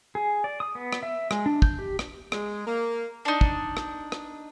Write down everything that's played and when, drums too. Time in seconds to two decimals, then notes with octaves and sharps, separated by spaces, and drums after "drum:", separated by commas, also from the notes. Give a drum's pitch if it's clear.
0.15 G#4
0.44 D5
0.60 D#6
0.75 B3
0.93 drum: rim click
1.03 E5
1.31 G#3, drum: rim click
1.46 D4
1.62 G6, drum: kick
1.79 G4
1.99 drum: rim click
2.32 G#3, drum: rim click
2.67 A#3
3.25 D4 D#4
3.41 drum: kick
3.77 drum: rim click
4.12 drum: rim click